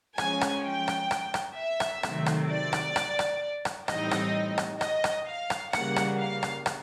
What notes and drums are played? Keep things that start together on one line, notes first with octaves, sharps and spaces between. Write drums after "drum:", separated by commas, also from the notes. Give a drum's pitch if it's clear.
F3 G#3 C#4 G#5, drum: rim click
drum: rim click
G5
drum: rim click
drum: rim click
drum: rim click
E5
drum: rim click
C3 D#3 F#3 A3 C4, drum: rim click
drum: rim click
D5
drum: rim click
drum: rim click
drum: rim click
drum: rim click
A2 E3 G3 C4 D#4 D#5, drum: rim click
drum: rim click
drum: rim click
D#5, drum: rim click
drum: rim click
F5
drum: rim click
C#3 E3 G3 A#3 F#5, drum: rim click
drum: rim click
F5
drum: rim click
drum: rim click